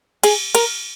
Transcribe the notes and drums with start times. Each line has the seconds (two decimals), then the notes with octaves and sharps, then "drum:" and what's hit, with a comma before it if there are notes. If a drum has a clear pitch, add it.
0.23 G#4, drum: cymbal
0.55 A#4, drum: cymbal